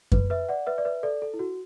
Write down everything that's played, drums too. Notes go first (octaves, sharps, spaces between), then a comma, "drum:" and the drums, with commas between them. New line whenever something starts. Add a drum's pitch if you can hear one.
B4, drum: kick F#2
B4 E5
D5 F#5
B4 E5
D5
B4 E5
A4 D5
A4
E4
F#4